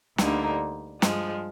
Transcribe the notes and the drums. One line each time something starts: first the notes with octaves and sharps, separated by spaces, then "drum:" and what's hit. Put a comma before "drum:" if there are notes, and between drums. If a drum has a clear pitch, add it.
D2 D3 G3 A#3 D#4, drum: snare
G2 F3 G#3, drum: snare